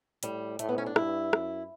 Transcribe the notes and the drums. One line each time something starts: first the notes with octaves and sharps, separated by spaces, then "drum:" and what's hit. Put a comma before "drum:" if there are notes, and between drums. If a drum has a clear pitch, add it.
A2 G3, drum: hi-hat
A2 A3, drum: hi-hat
B3
C#4
D4
G2 E4, drum: rim click
F#2, drum: rim click